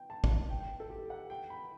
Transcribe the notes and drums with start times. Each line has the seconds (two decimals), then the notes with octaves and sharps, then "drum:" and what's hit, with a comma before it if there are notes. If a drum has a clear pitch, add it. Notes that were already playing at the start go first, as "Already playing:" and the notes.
Already playing: G5
0.10 A5
0.24 drum: kick
0.50 G5
0.60 G5
0.80 A4
0.90 G4
1.10 F#5
1.30 G5
1.50 B5